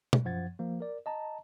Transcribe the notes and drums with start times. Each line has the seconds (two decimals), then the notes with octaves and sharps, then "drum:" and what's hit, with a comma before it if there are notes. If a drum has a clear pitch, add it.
0.13 drum: tom
0.25 F#2 F3 F#5 G#6 A6
0.59 F3 A#3
0.80 A#4 D5
1.06 D#5 A5 A#5